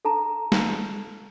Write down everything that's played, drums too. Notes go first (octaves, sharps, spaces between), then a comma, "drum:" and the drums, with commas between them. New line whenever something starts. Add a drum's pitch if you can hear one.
A4 A5 A#5
drum: snare